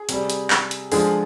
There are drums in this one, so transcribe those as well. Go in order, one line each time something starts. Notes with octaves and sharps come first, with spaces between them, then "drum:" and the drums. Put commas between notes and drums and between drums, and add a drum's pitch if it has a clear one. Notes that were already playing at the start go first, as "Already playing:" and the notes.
Already playing: G#4
C3 G3, drum: hi-hat
drum: hi-hat
drum: clap
drum: hi-hat
D3 F3 G#3 G#4, drum: open hi-hat